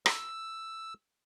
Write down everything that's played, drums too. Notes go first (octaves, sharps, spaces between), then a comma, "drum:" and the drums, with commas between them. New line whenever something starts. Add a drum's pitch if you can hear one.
E6, drum: rim click